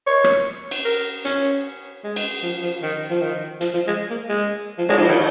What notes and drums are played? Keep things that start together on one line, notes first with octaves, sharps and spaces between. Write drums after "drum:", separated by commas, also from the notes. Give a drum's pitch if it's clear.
C#5
drum: rim click
drum: cymbal
A#4
C#4, drum: hi-hat
G#3
drum: cymbal
F3
F3
D#3
F3
D#3
F3, drum: hi-hat
F3
G#3
A#3
G#3
F3
G#3, drum: cymbal
F3
D#3